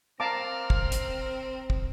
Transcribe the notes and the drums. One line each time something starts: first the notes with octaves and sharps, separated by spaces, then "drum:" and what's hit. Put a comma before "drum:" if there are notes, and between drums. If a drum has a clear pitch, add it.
C4 A#4 F5 A5 D6 F6
drum: kick
drum: hi-hat
drum: kick